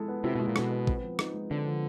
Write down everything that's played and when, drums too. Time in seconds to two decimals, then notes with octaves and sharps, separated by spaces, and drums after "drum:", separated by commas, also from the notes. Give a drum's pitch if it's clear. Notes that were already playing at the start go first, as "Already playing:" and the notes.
Already playing: G#3 E4 A4
0.08 B3
0.24 C3 E4
0.35 B2 G#3
0.48 A#2
0.56 B2 A4, drum: rim click
0.71 B3
0.87 C4, drum: kick A1
1.03 F3
1.19 D#4, drum: rim click
1.34 G#3
1.50 D3 C4
1.67 F3